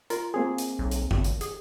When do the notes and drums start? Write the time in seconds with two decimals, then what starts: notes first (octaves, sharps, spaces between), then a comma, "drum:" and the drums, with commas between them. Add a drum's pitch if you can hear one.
0.10 F4 A#4, drum: hi-hat
0.34 A#3 C4 G#4
0.58 drum: hi-hat
0.79 B1
0.91 drum: hi-hat
1.11 G#1, drum: tom F2
1.24 drum: hi-hat
1.41 G#4, drum: hi-hat